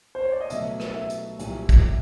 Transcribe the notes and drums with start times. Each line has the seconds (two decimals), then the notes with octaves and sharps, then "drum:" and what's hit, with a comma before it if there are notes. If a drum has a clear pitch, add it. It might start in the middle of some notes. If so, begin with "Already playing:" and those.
0.15 C5
0.24 C#5
0.32 D5
0.41 D#5
0.50 B2 F#3 A3 E5, drum: hi-hat
0.80 drum: rim click
0.95 E5
1.10 drum: hi-hat
1.39 C2 A#2 F#3, drum: hi-hat
1.69 drum: kick, hi-hat